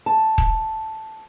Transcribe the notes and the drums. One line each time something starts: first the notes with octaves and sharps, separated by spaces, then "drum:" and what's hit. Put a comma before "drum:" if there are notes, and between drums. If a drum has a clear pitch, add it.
A5
drum: kick D#1